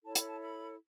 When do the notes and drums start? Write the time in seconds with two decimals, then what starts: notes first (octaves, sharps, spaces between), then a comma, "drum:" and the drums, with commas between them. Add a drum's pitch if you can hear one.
0.03 E4 A4 C#5 A5
0.15 B5, drum: hi-hat
0.28 A5
0.40 B5